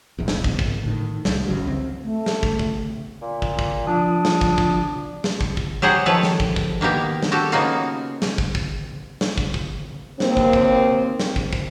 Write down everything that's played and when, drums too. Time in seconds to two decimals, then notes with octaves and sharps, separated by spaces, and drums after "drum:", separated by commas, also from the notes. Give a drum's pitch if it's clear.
0.19 D1 B1 E2
0.28 drum: snare
0.44 drum: kick
0.59 G#1, drum: kick
0.83 A2 D#3
1.25 C2 G3, drum: snare
1.48 G1 E2 C#3 F#3
1.66 C#2 C4
2.04 A3
2.26 drum: snare
2.43 drum: kick
2.59 drum: kick
3.22 A#2
3.42 drum: kick
3.59 drum: kick
3.87 F3 D4 F4 D#6
4.25 drum: snare
4.41 drum: kick
4.58 drum: kick
5.24 drum: snare
5.41 drum: kick
5.57 drum: kick
5.82 F#3 G4 G#4 C5 F#5
6.06 D#3 F3 A4 B4 C#5 A5
6.23 drum: snare
6.40 drum: kick
6.56 drum: kick
6.81 D#3 A#3 B3 G4 A#4
7.23 drum: snare
7.32 F#4 G4 A4
7.52 C#3 A#3 B3 D#4 F4 F#4
8.22 drum: snare
8.38 drum: kick
8.55 drum: kick
9.21 drum: snare
9.38 drum: kick
9.54 drum: kick
10.20 D#2 A#3 C4, drum: snare
10.37 drum: kick
10.53 drum: kick
11.20 drum: snare
11.36 drum: kick
11.53 drum: kick